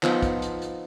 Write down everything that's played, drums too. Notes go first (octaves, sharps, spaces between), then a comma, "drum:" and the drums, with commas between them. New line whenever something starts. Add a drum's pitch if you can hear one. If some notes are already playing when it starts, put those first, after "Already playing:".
F3 B3 D#4, drum: clap
drum: kick, hi-hat
drum: hi-hat
drum: hi-hat